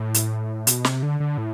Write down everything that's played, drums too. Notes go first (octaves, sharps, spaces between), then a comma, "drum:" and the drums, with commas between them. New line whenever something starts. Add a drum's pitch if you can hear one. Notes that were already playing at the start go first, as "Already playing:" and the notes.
Already playing: A2
drum: hi-hat
B2, drum: hi-hat
C3, drum: snare
D3
D3
A2